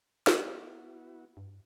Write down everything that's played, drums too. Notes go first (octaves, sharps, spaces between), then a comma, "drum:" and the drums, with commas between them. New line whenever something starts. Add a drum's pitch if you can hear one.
B3 E4 F#4, drum: snare
G2